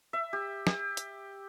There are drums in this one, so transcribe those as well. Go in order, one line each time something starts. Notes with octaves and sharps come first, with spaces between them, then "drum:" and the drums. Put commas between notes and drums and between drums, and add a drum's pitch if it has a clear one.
E5
G4
G4, drum: snare
drum: hi-hat